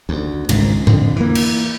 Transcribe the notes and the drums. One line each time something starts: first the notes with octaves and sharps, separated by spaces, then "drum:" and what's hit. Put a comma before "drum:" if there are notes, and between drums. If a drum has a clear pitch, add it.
D2
G#1 C#2 G#2, drum: cymbal
F2 D3, drum: tom A2
E3 A#3
drum: cymbal